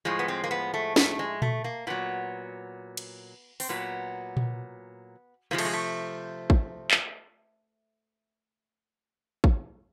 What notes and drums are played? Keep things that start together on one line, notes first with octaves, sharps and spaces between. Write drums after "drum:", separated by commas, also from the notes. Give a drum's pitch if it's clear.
A2 F3 G#3
B3
C4
A#3
B3
A3
A3, drum: snare
G#3
A3, drum: tom A#2
A#3
A#2 F#3 B3
drum: cymbal
C4, drum: open hi-hat
A#2 F#3 B3
drum: tom A#2
C3 F3 G#3 A#3
A3, drum: cymbal
G#3
A3
drum: kick
drum: clap
drum: kick